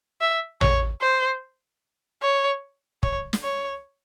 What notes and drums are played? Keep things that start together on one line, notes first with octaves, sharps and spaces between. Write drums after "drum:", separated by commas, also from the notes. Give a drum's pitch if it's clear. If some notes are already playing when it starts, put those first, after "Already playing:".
E5
C#5, drum: tom A1
C5
C#5
C#5, drum: kick
drum: snare
C#5